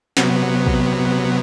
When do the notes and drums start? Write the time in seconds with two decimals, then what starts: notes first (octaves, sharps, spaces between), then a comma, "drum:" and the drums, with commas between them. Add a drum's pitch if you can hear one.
0.17 C3 F#3 B3, drum: snare
0.66 drum: kick